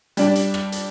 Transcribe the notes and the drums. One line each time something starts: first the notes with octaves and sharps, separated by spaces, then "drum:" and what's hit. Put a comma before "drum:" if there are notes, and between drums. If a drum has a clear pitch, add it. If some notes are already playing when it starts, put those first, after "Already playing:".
G3 D4, drum: hi-hat
drum: hi-hat
drum: rim click
drum: hi-hat